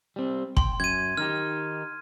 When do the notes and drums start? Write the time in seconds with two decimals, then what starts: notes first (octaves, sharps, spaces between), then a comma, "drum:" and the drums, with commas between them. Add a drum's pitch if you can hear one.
0.16 G3 C4
0.57 G5 C6, drum: kick
0.80 F#2 G#6 D#7
1.17 D#3 D#4 G4 F6